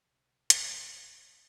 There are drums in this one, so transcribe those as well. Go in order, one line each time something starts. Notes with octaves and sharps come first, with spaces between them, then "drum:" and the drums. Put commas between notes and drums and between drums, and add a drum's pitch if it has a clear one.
B1 C#3 F3
drum: hi-hat